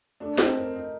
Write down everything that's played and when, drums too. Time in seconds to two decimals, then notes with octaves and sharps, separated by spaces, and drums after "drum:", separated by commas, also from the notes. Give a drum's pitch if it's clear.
0.20 A3 D4
0.38 C4 D#4, drum: snare
0.57 A#4
0.75 D#4